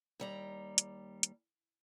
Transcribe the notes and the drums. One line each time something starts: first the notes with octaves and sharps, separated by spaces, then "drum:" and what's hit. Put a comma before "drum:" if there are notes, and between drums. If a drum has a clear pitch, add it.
D#2 G3 A#5
drum: hi-hat
drum: hi-hat